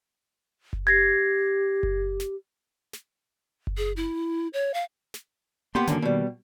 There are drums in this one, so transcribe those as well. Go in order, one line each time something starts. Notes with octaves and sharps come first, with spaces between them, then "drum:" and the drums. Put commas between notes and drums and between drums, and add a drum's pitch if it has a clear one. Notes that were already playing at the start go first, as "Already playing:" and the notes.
drum: kick F#1
G4 G#6 A#6 C7
drum: kick F#1
drum: snare
drum: snare
drum: kick F#1
G#4
E4
C#5
F5
drum: snare
A#3 B3 G4 C6
F#2 D3 D#3 A#3, drum: snare
B2 G3